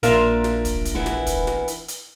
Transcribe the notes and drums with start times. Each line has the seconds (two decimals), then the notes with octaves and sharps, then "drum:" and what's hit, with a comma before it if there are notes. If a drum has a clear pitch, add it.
0.03 A#1 A#3 D4 F4 A#4 E5, drum: hi-hat
0.44 drum: snare
0.65 drum: kick, hi-hat
0.85 drum: kick, hi-hat
0.95 E3 B3 E4
1.06 drum: snare
1.26 drum: kick, hi-hat
1.47 drum: snare
1.68 drum: hi-hat
1.88 drum: hi-hat